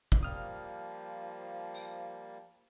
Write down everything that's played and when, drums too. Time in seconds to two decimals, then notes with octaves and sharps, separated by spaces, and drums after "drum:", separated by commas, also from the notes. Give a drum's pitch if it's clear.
0.12 drum: kick
0.23 F3 G3 A#3 D#6 F6
1.74 drum: tambourine